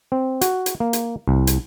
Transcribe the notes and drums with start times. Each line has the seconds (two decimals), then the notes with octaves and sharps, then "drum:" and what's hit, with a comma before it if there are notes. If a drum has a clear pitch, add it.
0.12 C4
0.41 F#4, drum: hi-hat
0.66 drum: hi-hat
0.80 A#3
0.93 drum: hi-hat
1.28 C2
1.47 drum: hi-hat